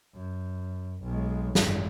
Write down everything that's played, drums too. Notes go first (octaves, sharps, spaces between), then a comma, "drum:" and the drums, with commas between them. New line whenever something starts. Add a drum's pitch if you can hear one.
F#2
B1 G#3
G#1 F#2, drum: snare